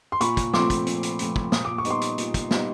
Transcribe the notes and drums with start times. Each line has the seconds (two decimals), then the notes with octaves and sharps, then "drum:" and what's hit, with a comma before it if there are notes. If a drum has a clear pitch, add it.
0.12 C6
0.21 A#2 B5 C#6, drum: hi-hat
0.37 drum: kick, hi-hat
0.53 F3 A3 C4 C6 D6, drum: snare
0.70 drum: kick, hi-hat
0.87 A#2, drum: hi-hat
1.03 drum: hi-hat
1.19 F3 A3 C4, drum: hi-hat
1.36 drum: kick
1.52 A#2 D#6, drum: snare
1.65 D6
1.78 C#6
1.85 G3 B3 D#4, drum: hi-hat
1.90 C6 D6
2.01 drum: hi-hat
2.18 A#2, drum: hi-hat
2.34 drum: kick, hi-hat
2.51 G3 B3 D#4, drum: snare